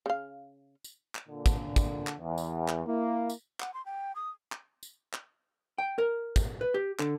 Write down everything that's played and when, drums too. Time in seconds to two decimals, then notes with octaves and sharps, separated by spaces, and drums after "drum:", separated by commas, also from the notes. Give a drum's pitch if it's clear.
0.06 C#3 F5
0.84 drum: tambourine
1.15 drum: clap
1.28 A#2 D3
1.46 drum: kick, tambourine
1.76 drum: kick, tambourine
2.07 drum: clap
2.20 E2
2.38 drum: tambourine
2.68 drum: clap
2.87 A#3 E4
3.30 drum: tambourine
3.60 F#5, drum: clap
3.74 C6
3.86 G5
4.16 D#6
4.52 drum: clap
4.83 drum: tambourine
5.13 drum: clap
5.78 G5
5.98 A#4
6.36 drum: kick, tambourine
6.61 B4
6.74 G4
6.99 D3, drum: clap